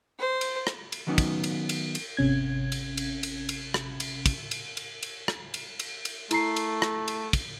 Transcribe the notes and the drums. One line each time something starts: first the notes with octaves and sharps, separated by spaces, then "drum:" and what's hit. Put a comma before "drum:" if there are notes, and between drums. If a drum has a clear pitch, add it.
C5
drum: cymbal
drum: rim click
drum: cymbal
D#3 F#3 B3 C#4 D#4
drum: kick, cymbal
drum: cymbal
drum: cymbal
drum: cymbal
G#1 C3 C#4 G#6
drum: cymbal
drum: cymbal
drum: cymbal
drum: cymbal
drum: rim click
drum: cymbal
drum: kick, cymbal
drum: cymbal
drum: cymbal
drum: cymbal
drum: rim click
drum: cymbal
drum: cymbal
drum: cymbal
A3 E4 A#5 C7, drum: cymbal
drum: cymbal
drum: rim click
drum: cymbal
drum: kick, cymbal